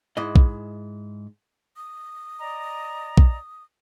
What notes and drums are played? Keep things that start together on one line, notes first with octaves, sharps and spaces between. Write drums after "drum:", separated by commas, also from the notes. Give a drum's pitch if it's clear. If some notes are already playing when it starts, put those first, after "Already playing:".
G#2 E4 D#5
drum: kick
D#6
D5 D#5 A#5
drum: kick